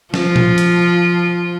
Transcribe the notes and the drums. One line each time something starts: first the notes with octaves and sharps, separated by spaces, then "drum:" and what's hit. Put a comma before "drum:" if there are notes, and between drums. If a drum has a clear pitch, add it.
F3 F4, drum: snare
drum: tom A#2
drum: hi-hat